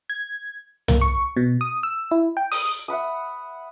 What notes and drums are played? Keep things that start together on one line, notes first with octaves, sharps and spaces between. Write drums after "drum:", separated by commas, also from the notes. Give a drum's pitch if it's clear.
G#6
A#3, drum: tom C2
C#6
B2
D#6
E6
E4
G5
D#6, drum: open hi-hat
E5 F#5 B5 D#6